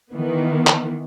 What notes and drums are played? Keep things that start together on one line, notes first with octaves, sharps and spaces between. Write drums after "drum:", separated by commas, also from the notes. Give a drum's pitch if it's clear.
D#3 E3 B3
drum: clap